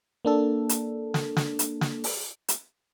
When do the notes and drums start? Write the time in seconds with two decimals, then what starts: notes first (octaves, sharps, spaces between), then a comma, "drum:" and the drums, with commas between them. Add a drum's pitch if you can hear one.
0.25 A#3 D4 A4
0.69 drum: hi-hat
1.14 drum: snare
1.37 drum: snare
1.59 drum: hi-hat
1.81 drum: snare
2.04 drum: open hi-hat
2.48 drum: hi-hat